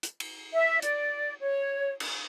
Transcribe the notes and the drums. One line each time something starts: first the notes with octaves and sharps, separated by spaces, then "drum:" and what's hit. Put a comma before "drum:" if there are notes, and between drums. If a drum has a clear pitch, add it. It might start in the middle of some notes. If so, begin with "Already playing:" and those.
drum: hi-hat
drum: cymbal
E5
D5, drum: hi-hat
C#5
drum: cymbal